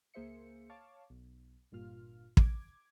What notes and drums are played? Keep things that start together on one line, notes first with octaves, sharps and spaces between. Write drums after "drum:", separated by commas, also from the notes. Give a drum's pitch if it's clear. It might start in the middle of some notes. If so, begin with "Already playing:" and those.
C#2 A#3 G#4 C5 E5 C#7
C#5 F5 A5 C#6 D6
B1
G1 G2 A#2 F4 F6
D6 G#6, drum: kick